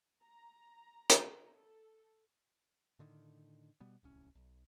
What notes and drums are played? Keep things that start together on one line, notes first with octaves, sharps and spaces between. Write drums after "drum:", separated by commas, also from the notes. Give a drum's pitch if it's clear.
A#5
drum: hi-hat
A4
A2 D3 D#3
B2 G3 B3
D1 C2 C#4
B1